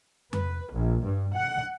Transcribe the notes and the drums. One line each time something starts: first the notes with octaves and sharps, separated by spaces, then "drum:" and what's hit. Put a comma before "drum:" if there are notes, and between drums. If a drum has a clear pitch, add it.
B4, drum: tom F2
A#1
G2
F#5